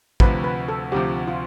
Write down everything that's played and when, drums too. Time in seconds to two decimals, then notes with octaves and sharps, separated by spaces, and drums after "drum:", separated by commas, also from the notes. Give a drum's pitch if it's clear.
0.20 D2 C3 F3 B4, drum: kick
0.44 B4
0.69 A4
0.92 D2 C3 F3 G4
1.27 F4